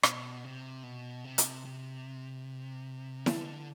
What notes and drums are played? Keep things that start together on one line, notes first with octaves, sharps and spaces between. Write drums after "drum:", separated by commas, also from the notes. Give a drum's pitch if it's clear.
B2, drum: rim click
C3
B2
C3
drum: hi-hat
C3
D3, drum: snare E4